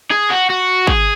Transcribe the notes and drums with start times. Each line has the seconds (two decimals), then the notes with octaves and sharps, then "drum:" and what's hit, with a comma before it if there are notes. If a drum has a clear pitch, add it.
0.11 G#4
0.30 F#4
0.50 F#4
0.87 G#4, drum: kick G#1